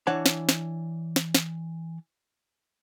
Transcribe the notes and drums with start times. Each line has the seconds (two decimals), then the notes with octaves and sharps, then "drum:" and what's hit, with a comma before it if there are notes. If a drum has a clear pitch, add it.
0.07 E3 D4 C#5 F#5 A5
0.26 drum: snare
0.49 drum: snare
1.16 drum: snare
1.35 drum: snare